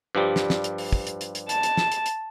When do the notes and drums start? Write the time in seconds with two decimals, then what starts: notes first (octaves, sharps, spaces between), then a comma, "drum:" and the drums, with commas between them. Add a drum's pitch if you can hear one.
0.15 G2 F3 G3
0.36 drum: snare
0.50 drum: snare
0.64 drum: hi-hat
0.78 drum: open hi-hat
0.93 drum: kick
1.07 drum: hi-hat
1.21 drum: hi-hat
1.35 drum: hi-hat
1.49 A5, drum: hi-hat
1.63 drum: hi-hat
1.77 drum: snare
1.92 drum: hi-hat
2.06 drum: hi-hat